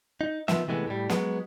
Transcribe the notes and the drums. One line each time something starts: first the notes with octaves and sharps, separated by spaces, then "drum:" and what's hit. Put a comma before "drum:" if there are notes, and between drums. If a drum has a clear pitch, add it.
D#4
D#3 F3 B3 E5, drum: snare
C3 E3 G#3 A3 B3
A2 G3
F#3 G#3 B3, drum: snare